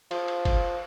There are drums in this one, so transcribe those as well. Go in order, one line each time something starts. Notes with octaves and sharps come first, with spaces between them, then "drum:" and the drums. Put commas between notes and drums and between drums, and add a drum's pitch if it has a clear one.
F3, drum: cymbal
drum: cymbal
drum: kick, cymbal